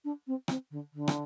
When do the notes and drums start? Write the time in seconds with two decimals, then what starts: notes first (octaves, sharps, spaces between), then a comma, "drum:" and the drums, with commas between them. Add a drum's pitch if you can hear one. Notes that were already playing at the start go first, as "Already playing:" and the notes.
0.04 D4
0.27 C4
0.48 C4, drum: rim click
0.71 D3
0.93 D3
1.08 drum: rim click